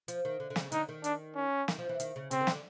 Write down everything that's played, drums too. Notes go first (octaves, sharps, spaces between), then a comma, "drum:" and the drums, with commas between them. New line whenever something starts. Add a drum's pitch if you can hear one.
F3, drum: hi-hat
D#3
D3
D3
C#3, drum: snare
D3 D#4, drum: hi-hat
D#3
D4, drum: hi-hat
C#4
D#3, drum: snare
F3
E3
D#3, drum: hi-hat
C#3
C#3 C4, drum: hi-hat
D#3
D3, drum: snare